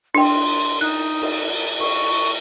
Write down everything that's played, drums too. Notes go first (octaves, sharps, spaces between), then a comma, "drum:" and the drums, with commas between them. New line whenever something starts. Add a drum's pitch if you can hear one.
D4 G5 C6, drum: cymbal
D#4 F#6
drum: cymbal
C#6, drum: cymbal